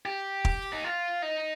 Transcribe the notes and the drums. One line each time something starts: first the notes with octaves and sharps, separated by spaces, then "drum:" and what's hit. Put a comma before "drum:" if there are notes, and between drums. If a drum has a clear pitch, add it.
G4
drum: kick
D#4
F4
D#4